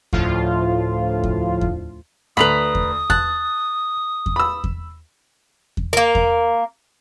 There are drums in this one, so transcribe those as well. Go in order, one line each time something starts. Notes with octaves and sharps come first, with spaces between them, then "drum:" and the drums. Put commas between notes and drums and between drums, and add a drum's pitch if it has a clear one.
D2 A2 F3 F4, drum: kick E2
drum: kick E2
drum: kick E2
D2 B4 A#5 B5 D#6
drum: kick E2
A5 F#6, drum: kick E2
drum: kick E2
B5 E6
drum: kick E2
drum: kick E2
A#3 A#4
drum: kick E2